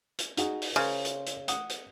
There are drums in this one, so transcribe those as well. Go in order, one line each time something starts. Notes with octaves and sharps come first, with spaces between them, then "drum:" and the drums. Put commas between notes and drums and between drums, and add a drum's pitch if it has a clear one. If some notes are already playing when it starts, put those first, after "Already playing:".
drum: hi-hat
D#4 F#4 G#4, drum: hi-hat
drum: open hi-hat
C#3 A#4 C5
drum: hi-hat
drum: hi-hat
F#5 D#6, drum: hi-hat
drum: hi-hat